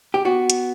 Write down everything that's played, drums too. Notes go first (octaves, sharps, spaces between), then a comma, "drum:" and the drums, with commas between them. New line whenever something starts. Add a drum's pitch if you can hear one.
G4
B3 F#4
drum: hi-hat